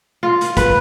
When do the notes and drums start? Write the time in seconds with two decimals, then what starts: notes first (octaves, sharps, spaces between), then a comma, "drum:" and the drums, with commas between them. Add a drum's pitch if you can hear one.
0.23 F4
0.41 drum: hi-hat
0.57 B4, drum: kick, hi-hat